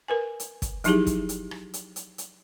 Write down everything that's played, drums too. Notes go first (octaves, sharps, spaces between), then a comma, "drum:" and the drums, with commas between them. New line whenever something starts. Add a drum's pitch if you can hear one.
A#4 B4 G#5
drum: hi-hat
drum: kick, hi-hat
F3 F#3 D#4 E4 G4 G#4, drum: hi-hat
drum: kick, hi-hat
drum: hi-hat
drum: rim click
drum: hi-hat
drum: hi-hat
drum: hi-hat